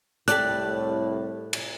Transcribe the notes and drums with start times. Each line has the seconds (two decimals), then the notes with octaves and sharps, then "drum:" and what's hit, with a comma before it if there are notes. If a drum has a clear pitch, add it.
0.28 C2 A2 G4 A4 D5 F#6, drum: hi-hat
1.53 drum: cymbal